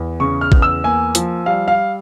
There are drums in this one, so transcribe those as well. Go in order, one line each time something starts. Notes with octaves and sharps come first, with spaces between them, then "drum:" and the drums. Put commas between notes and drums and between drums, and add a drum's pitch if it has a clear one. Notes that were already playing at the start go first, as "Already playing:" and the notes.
Already playing: E2
C#3 C#6
F6
E2, drum: kick A1
E6
A#3 G#5
F3, drum: hi-hat
G3 F5
F5